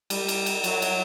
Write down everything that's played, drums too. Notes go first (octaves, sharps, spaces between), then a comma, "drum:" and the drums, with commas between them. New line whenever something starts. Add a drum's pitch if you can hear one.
G3, drum: cymbal
drum: cymbal
drum: cymbal
F#3, drum: cymbal
drum: cymbal